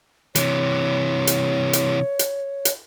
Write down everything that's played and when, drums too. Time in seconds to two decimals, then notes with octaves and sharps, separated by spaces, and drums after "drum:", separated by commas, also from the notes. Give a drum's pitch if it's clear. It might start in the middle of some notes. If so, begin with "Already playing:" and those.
0.35 C3 E3 C#5, drum: hi-hat
1.27 drum: hi-hat
1.73 drum: hi-hat
2.19 drum: hi-hat
2.65 drum: hi-hat